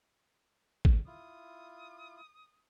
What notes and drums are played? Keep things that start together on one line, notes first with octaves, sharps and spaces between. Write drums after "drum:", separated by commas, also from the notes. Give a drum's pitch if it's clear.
drum: kick
E4 F4 D#6